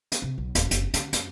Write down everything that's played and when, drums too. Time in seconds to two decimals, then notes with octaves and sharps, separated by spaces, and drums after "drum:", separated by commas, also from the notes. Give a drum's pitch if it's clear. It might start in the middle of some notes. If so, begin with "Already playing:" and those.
0.12 drum: hi-hat
0.22 C3
0.38 B1
0.55 D1, drum: hi-hat
0.71 F#1, drum: hi-hat
0.94 D3, drum: hi-hat
1.13 F#2, drum: hi-hat